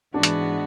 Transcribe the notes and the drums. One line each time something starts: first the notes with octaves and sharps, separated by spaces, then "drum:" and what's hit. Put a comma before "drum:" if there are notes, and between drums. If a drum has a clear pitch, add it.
G#2 E3 G#3 B3 D4 F#4
drum: hi-hat